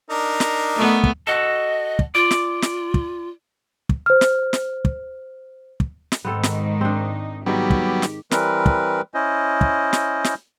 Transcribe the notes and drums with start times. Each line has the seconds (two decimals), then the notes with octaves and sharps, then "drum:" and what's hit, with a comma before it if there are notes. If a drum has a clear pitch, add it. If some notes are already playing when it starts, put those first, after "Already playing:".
0.10 D4 D#4 A#4
0.40 drum: snare
0.76 A3 B3
1.04 drum: kick
1.27 F#4 A4 D#5
1.99 drum: kick
2.15 F4 D5
2.31 drum: snare
2.62 drum: snare
2.94 drum: kick
3.89 drum: kick
4.06 C5 F6
4.21 drum: snare
4.53 drum: snare
4.85 drum: kick
5.80 drum: kick
6.12 drum: snare
6.25 G#2 D#3 B3 C4 D#4 A4
6.43 drum: snare
6.81 C4 D4
7.46 G#2 D#3 F#3 G3 B3 G4
7.70 drum: kick
8.02 drum: snare
8.31 E3 G3 C4 A#4 B4, drum: snare
8.66 drum: kick
9.14 C#4 E4 C5 D#5
9.61 drum: kick
9.93 drum: snare
10.24 drum: snare